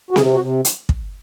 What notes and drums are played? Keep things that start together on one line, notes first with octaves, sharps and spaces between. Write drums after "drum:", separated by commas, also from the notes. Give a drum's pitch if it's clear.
F#4
C3 G#4, drum: snare C4
F#4
C3
drum: hi-hat
drum: kick